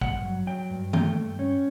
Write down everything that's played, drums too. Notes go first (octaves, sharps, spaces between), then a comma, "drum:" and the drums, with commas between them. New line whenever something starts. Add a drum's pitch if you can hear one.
G2 F#5, drum: kick
F#3
F#3 G5
G2
A3 G5, drum: tom D#3
G2
C#4